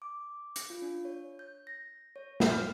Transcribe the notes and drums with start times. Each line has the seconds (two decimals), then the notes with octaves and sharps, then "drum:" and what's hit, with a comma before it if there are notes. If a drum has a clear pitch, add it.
0.02 D6
0.56 drum: hi-hat
0.70 F4
0.82 D4
1.05 C#5
1.39 G6
1.67 A#6
2.16 C#5
2.40 drum: snare
2.50 F6